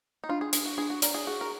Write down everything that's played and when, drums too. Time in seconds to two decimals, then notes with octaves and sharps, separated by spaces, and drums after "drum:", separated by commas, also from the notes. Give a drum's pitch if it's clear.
0.24 D#4
0.29 D4 F4
0.41 G#4
0.53 D4 G#4, drum: hi-hat
0.66 F#4
0.77 D4 G#4
0.90 F#4
1.02 A#4 D5, drum: hi-hat
1.14 G#4
1.26 F#4 G#4
1.41 A#4